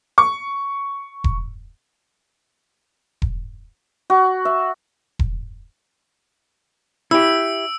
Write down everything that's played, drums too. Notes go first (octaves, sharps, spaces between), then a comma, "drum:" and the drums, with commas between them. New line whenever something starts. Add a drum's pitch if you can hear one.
C#6
drum: kick E1
drum: kick E1
F#4
E5
drum: kick E1
E4 G4 E6 D7